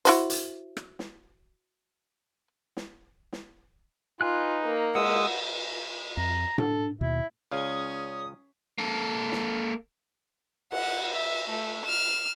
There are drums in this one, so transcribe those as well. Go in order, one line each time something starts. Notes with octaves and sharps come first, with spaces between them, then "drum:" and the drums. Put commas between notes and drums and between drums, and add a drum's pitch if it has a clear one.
E4 F#4 C5, drum: hi-hat
drum: hi-hat
drum: rim click
drum: snare
drum: snare
drum: snare
D#4 F4 B4 G#5 F#6
A#3
G#3 F#5 D#6 E6, drum: cymbal
F2 A#5
D4 A4, drum: tom A2
D#2 B2 E4
C#2 C#4 G#4 C#5 D5 F5 D#6
A#3 A4
drum: snare
F#5, drum: cymbal
E5
A3
F6 E7